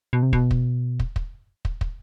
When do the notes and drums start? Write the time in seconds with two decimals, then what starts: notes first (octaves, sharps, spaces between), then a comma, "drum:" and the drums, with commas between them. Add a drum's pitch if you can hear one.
0.13 B2
0.23 C3
0.33 B2, drum: kick
0.51 drum: kick
1.00 drum: kick
1.16 drum: kick
1.65 drum: kick
1.81 drum: kick